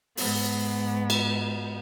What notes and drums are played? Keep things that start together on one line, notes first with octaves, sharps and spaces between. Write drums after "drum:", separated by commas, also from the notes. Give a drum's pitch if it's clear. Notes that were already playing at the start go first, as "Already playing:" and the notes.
G#2 B3, drum: open hi-hat
drum: cymbal